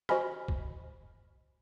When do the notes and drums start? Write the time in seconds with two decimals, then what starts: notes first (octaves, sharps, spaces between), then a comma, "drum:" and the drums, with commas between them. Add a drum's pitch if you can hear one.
0.09 F#4 C5 D#5 G#5 B5 F6, drum: rim click
0.48 drum: kick